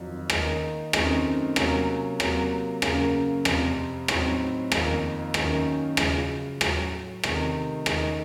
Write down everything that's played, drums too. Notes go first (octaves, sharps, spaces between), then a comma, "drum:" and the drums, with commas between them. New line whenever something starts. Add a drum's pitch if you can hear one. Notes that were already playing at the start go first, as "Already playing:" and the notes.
Already playing: F2 D#3 F#3
D#3 A#3 D#4, drum: rim click
F#2 D#3 A3 C4 D#4, drum: rim click
C3 F#3 A#3 C#4, drum: rim click
C3 F#3 A#3, drum: rim click
F#2 C#3 F#3 A#3, drum: rim click
F2 C3 F3, drum: rim click
A2 F#3 C4 D#4, drum: rim click
F2 D#3 A#3, drum: rim click
F#2 D#3 A#3 C#4, drum: rim click
F#2 C#3 F3, drum: rim click
A2 F#3 A3, drum: rim click
C3 D#3 A3, drum: rim click
D#3 A3 D#4, drum: rim click